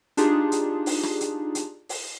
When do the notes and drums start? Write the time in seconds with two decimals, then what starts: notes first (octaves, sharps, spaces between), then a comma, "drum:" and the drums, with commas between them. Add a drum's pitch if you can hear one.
0.17 D4 D#4 F4 G4 G#4, drum: hi-hat
0.52 drum: hi-hat
0.86 drum: open hi-hat
1.03 drum: rim click
1.20 drum: hi-hat
1.55 drum: hi-hat
1.89 drum: open hi-hat